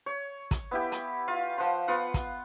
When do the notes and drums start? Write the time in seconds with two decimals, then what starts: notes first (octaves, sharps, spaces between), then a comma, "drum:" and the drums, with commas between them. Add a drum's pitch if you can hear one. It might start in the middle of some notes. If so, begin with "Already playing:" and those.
0.06 C#5
0.51 drum: kick, hi-hat
0.71 B3 E4 G4
0.92 drum: hi-hat
1.28 F4 F5
1.58 F3 F#5 C6
1.88 B3 F4 F#5
2.14 drum: kick, hi-hat